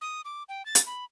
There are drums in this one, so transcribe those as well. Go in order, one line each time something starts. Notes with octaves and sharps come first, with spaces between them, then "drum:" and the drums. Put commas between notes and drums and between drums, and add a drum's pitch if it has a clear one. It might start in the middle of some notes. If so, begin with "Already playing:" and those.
D#6
D6
G5
A6
drum: hi-hat
B5